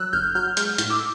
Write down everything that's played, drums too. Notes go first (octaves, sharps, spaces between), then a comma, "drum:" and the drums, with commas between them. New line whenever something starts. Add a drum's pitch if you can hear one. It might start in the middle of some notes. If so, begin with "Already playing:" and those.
Already playing: F#3 E6 F#6
G1 F6 G6
F#3 F6 G6
G#3 F6 G6, drum: hi-hat
A2, drum: hi-hat
D6 E6